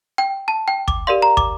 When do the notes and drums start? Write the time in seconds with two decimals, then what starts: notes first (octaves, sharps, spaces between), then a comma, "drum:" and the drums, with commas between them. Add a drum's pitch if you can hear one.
0.18 G5
0.48 A5
0.68 G5
0.88 D6, drum: kick
1.07 G4 A#4 D5 F5 C6
1.22 A#5
1.37 D6, drum: kick